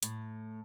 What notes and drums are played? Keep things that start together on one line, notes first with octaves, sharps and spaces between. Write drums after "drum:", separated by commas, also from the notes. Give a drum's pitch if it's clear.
A2, drum: hi-hat